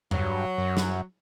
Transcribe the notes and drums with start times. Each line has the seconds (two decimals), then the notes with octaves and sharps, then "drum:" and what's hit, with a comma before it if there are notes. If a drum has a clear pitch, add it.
0.11 G2 F#3, drum: tom E2
0.58 F#2
0.77 drum: snare